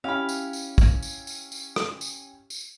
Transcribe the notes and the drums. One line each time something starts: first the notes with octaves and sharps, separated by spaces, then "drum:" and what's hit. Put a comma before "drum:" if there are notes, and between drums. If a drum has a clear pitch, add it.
C#4 E4 G4 F5 B5
drum: tambourine
drum: tambourine
drum: kick, tambourine
drum: tambourine
drum: tambourine
drum: tambourine
drum: rim click
drum: tambourine
drum: tambourine